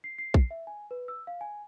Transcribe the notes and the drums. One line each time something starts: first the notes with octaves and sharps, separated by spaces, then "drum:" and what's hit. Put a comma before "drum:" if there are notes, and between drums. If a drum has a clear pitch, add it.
C7
C7
drum: kick
E5
G#5
B4
E6
F5
G#5